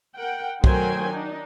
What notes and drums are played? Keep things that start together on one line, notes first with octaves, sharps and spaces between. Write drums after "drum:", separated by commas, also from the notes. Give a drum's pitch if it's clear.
A#4 F#5 G5
D#3 F#3 A3 C5 G5 G#5, drum: kick
D4 D#4